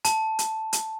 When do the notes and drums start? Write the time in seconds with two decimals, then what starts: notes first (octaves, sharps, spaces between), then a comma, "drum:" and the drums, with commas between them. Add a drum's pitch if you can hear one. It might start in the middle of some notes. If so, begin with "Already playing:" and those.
0.05 A5, drum: hi-hat
0.39 drum: hi-hat
0.73 drum: hi-hat